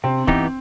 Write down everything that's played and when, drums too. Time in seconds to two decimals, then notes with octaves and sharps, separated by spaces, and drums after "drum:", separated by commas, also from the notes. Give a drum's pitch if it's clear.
0.04 C3 C4
0.27 E3 B3 D#4 G4, drum: kick